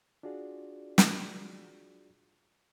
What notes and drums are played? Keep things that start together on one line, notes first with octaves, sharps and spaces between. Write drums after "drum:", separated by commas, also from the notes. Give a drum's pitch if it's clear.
D4 F4 F#4 G#4 D5
drum: snare